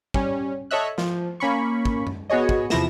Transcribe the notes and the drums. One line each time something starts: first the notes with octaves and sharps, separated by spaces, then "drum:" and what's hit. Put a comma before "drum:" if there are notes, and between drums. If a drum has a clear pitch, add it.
G3 C#4, drum: kick
A4 C#5 D#5 E5 F#6
F3, drum: snare
A#3 C#4 B5 C#6
drum: kick
drum: tom F#2
B3 F#4 G#4 C#5 D#5
drum: kick
E2 C3 F3 E4 A#6 E7, drum: snare